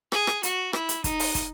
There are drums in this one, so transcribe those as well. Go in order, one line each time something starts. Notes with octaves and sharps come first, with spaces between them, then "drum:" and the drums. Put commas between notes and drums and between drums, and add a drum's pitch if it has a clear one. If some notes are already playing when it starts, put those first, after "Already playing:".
G#4, drum: rim click
drum: rim click
F#4, drum: hi-hat
E4, drum: rim click
drum: hi-hat
D#4, drum: kick, hi-hat
drum: open hi-hat
drum: kick, hi-hat